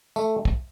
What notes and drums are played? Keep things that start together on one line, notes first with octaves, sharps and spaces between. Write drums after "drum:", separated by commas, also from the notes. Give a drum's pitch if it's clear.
A3, drum: tambourine
drum: kick